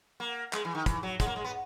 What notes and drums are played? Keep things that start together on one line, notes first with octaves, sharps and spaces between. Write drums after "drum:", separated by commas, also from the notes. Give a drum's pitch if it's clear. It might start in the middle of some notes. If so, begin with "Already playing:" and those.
A#3
G#3, drum: clap
E3
D#3
E3, drum: kick, hi-hat
F#3
G#3, drum: kick, hi-hat
A#3
G#3
B3